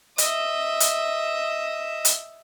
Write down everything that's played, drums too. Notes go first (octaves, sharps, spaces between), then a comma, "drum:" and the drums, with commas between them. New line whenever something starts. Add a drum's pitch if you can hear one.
D#5 E5, drum: hi-hat
drum: hi-hat
drum: hi-hat